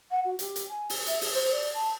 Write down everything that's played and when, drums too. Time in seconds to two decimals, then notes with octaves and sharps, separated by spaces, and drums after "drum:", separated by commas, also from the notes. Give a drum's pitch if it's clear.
0.11 F#5
0.25 F#4
0.39 G4, drum: hi-hat
0.56 drum: hi-hat
0.68 G#5
0.90 drum: open hi-hat
1.06 E5, drum: hi-hat
1.21 G#4, drum: open hi-hat
1.34 C5
1.51 D5
1.74 A5